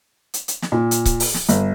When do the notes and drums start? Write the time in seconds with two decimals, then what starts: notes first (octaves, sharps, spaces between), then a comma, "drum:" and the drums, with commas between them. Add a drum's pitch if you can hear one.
0.34 drum: hi-hat
0.48 drum: hi-hat
0.62 drum: snare
0.72 A#2
0.91 drum: hi-hat
1.05 drum: kick C#1, hi-hat
1.20 drum: open hi-hat
1.34 drum: snare
1.49 G1, drum: hi-hat